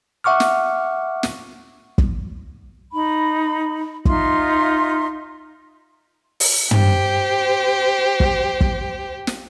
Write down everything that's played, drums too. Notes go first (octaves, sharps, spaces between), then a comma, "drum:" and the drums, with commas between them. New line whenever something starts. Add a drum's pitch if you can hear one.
E5 F#5 C#6 D6 F6
drum: snare
drum: snare
drum: kick
D#4 B5
D#4 F4 E5 C6, drum: kick
drum: open hi-hat
G4 C5, drum: tom
drum: kick
drum: kick
drum: snare